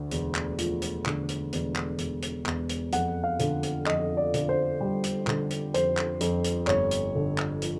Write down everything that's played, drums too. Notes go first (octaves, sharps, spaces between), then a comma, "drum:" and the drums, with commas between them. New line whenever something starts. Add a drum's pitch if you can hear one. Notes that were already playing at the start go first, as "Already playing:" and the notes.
Already playing: D2 D3
E1, drum: hi-hat
drum: clap
F3, drum: hi-hat
drum: hi-hat
D3, drum: clap
drum: hi-hat
E1, drum: hi-hat
drum: clap
E1, drum: hi-hat
drum: hi-hat
E1, drum: clap
drum: hi-hat
F2 F#5, drum: hi-hat
F5
D3, drum: hi-hat
drum: hi-hat
F2 D#5, drum: clap
D5
D3, drum: hi-hat
C5
G3
drum: hi-hat
D3, drum: clap
drum: hi-hat
F2 C5, drum: hi-hat
drum: clap
F2, drum: hi-hat
drum: hi-hat
G1 C#5, drum: clap
drum: hi-hat
D3
drum: clap
F3, drum: hi-hat